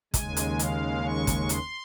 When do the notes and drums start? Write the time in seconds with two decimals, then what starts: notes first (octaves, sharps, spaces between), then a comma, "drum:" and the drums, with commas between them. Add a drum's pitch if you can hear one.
0.14 D#2 C#3 G#3 G#5, drum: kick, hi-hat
0.37 drum: hi-hat
0.59 F5, drum: hi-hat
1.05 C#6
1.27 drum: kick, hi-hat
1.49 C6, drum: hi-hat